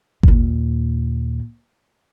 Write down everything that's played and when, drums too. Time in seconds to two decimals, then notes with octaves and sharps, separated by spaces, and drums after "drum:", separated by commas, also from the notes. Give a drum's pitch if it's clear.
0.23 D#2 A#2, drum: kick G#1